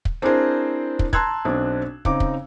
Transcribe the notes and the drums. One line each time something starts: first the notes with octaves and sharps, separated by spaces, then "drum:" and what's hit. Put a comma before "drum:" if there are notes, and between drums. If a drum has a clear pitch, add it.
drum: kick
C4 D4 E4 G#4 A#4 C5
drum: kick
A5 A#5 C6 E6 F#6 G#6, drum: kick
B1 C4 D4
C#3 C4 D#4 D6, drum: kick
drum: kick